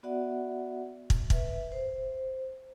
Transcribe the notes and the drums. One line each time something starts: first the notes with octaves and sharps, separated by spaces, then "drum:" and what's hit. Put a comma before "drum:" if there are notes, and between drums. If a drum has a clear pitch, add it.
B3 F#4 D5 E5 F#5
drum: kick
B4 E5, drum: kick
C5